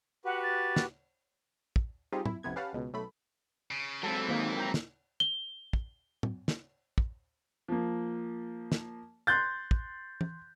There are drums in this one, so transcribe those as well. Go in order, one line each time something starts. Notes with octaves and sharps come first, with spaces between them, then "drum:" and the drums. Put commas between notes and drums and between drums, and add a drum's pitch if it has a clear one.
F#4 G4 B4 F#5
A6
drum: snare
drum: kick
G3 C4 D#4 F4 G4 G#4
E4, drum: tom A2
A1 F2 C3 B3 G#6
C#4 G4 B4 F5 F#5 A5
C#2 B2
B1 A3 B5
C#3
E3 F#3 G#3 C4 A4
D#3 A#3
G5 A#5
drum: snare
G7
drum: kick
drum: tom A2
drum: snare
drum: kick
F3 A#3
drum: snare
C6 F#6 G6 A6
drum: kick
drum: tom